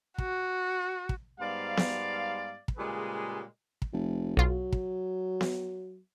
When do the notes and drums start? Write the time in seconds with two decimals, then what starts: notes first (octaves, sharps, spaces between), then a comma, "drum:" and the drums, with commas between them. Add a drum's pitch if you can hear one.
0.18 F#4, drum: kick
1.09 drum: kick
1.40 G#2 G3 B3 D5 F5
1.77 drum: snare B3
2.68 drum: kick
2.77 A#2 C#3 G3 G#3 G#4 B4
3.82 drum: kick
3.93 F1
4.37 B1 F#3 F4
4.72 drum: kick
5.41 drum: snare B3